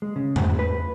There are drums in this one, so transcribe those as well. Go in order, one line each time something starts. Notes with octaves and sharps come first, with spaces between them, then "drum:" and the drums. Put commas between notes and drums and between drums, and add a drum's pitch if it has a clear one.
G#3
C#3
G#2, drum: tom E2
B4